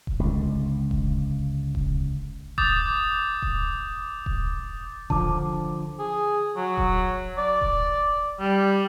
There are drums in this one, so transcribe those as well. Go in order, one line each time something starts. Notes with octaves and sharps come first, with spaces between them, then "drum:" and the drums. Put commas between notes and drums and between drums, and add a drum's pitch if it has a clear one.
drum: kick D#1
C#2 D3
drum: kick D#1
drum: kick D#1
D6 D#6 G6 A6, drum: kick D#1
drum: kick D#1
drum: kick D#1
D3 F3 A5 D6, drum: kick D#1
G#4
F#3
drum: kick D#1
D5
drum: kick D#1
G3